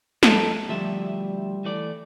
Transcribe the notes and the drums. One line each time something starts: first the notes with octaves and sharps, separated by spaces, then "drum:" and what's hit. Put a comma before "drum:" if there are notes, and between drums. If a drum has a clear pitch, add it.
F2 D#4 A4, drum: snare
D2 F3 G3 E5
E3 A3 D5